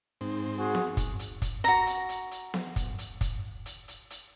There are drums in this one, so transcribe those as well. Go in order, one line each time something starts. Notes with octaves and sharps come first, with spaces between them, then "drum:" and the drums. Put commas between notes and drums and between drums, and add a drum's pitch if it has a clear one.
G#2 C4 D#4
F#4 G#4
drum: snare B3
drum: kick, hi-hat
drum: hi-hat
drum: kick, hi-hat
F#4 A#5, drum: hi-hat
drum: hi-hat
drum: hi-hat
drum: hi-hat
drum: snare B3
drum: kick, hi-hat
drum: hi-hat
drum: kick, hi-hat
drum: hi-hat
drum: hi-hat
drum: hi-hat